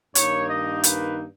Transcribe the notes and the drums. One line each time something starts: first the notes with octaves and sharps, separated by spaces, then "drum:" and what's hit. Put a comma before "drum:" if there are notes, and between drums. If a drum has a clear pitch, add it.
G2 D#3 A#3 D#4 C#5, drum: hi-hat
D#5
B4, drum: hi-hat